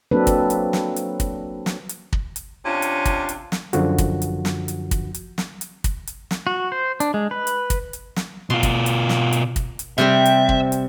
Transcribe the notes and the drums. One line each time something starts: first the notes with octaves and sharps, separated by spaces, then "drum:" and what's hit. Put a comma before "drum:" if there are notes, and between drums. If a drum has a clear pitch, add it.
F#3 A#3 C4 D4 A4 B4
drum: kick, hi-hat
drum: hi-hat
drum: snare
drum: hi-hat
drum: kick, hi-hat
drum: snare
drum: hi-hat
drum: kick
drum: hi-hat
C3 C#4 D4 F4
drum: hi-hat
drum: kick, hi-hat
drum: hi-hat
drum: snare
F#2 D3 F3 F#4, drum: hi-hat
drum: kick, hi-hat
drum: hi-hat
drum: snare
drum: hi-hat
drum: kick, hi-hat
drum: hi-hat
drum: snare
drum: hi-hat
drum: kick, hi-hat
drum: hi-hat
drum: snare
F#4
C5
D4, drum: hi-hat
G#3
B4
drum: hi-hat
drum: kick, hi-hat
drum: hi-hat
drum: snare
B2 F4 C6
drum: kick, hi-hat
drum: hi-hat
drum: snare
drum: hi-hat
drum: kick, hi-hat
drum: hi-hat
C3 G3 C4 E5
drum: hi-hat
drum: kick
drum: hi-hat